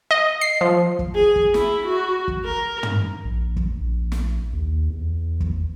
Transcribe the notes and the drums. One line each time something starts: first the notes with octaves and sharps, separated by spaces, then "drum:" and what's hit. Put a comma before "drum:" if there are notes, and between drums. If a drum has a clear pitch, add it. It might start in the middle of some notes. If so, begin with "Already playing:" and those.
D#5
C7
F3
drum: kick
G#4
drum: kick
E4, drum: snare
F#4
drum: kick
A#4
drum: tom
A#1
drum: kick
A#1
drum: snare
D#2
E2
drum: kick